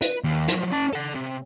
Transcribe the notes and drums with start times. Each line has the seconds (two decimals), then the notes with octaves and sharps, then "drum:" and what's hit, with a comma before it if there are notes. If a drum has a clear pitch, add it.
0.02 B4, drum: hi-hat
0.24 D#2
0.48 F3 F#3, drum: hi-hat
0.72 C#4 A5
0.93 A4 F#5
1.15 C3